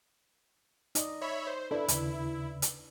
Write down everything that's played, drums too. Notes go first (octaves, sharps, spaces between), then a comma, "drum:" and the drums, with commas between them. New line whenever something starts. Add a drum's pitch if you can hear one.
D#4 D5 D#5, drum: hi-hat
C#5 E5 B5
C5
D4 E4 A4 B4 D5
D#2 C#3, drum: hi-hat
drum: hi-hat